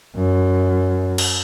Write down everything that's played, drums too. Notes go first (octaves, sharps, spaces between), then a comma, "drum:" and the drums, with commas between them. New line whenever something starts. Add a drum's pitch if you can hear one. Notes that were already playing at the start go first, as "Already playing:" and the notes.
F#2
drum: cymbal